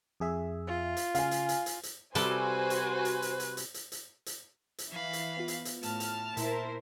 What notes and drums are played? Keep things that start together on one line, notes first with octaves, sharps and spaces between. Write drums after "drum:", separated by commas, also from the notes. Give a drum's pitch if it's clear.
F2 G#4 E5
F4
drum: hi-hat
C#3 F5 G#5, drum: hi-hat
drum: hi-hat
drum: hi-hat
drum: hi-hat
drum: hi-hat
C3 G3 F#4 A4 B4 C5 G#5, drum: hi-hat
drum: hi-hat
drum: hi-hat
drum: hi-hat
drum: hi-hat
drum: hi-hat
drum: hi-hat
drum: hi-hat
drum: hi-hat
drum: hi-hat
E3 F5 B5
drum: hi-hat
B3 F4
drum: hi-hat
drum: hi-hat
A2 A5 F6, drum: hi-hat
drum: hi-hat
A#2 E4 A#4 C5, drum: hi-hat